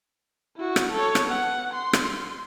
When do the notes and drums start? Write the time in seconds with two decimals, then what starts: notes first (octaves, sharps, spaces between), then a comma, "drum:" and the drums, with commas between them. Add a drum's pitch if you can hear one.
0.57 E4 F#4
0.76 drum: rim click
0.92 A4 C#5
1.15 drum: rim click
1.25 B3 F#5
1.74 C6
1.93 drum: rim click